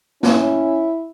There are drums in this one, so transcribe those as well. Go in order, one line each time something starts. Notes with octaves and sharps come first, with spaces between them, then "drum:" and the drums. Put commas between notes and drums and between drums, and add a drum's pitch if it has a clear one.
C#4 E4, drum: snare